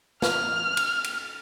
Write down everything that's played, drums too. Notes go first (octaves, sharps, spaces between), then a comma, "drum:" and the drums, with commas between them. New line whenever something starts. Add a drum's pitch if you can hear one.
F6, drum: snare
drum: cymbal
drum: cymbal